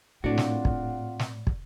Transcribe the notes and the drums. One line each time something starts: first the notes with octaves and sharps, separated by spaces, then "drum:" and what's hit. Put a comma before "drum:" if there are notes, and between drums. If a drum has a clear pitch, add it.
A#1 A2 C4 D4 F4 F#4 F#5
drum: snare
drum: kick
drum: snare
drum: kick